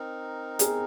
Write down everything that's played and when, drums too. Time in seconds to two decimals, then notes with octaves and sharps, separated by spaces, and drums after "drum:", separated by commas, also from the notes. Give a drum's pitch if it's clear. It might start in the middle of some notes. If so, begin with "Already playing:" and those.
Already playing: C4 D#4 A#4
0.59 G#4, drum: hi-hat